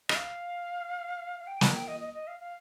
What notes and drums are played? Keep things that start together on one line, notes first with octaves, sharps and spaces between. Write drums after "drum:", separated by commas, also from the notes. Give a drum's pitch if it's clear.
D#5, drum: rim click
F5
F5
G5
A#5, drum: snare
G5
D#5
D#5
D#5
F5
F5